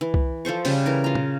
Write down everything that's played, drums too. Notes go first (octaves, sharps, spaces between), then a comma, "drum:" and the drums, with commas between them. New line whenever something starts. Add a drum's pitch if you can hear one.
E3
drum: kick C2
F3 A4 C5 C#6
C#3 G3 G5, drum: open hi-hat
E3 A#4
F4 A#5
drum: tom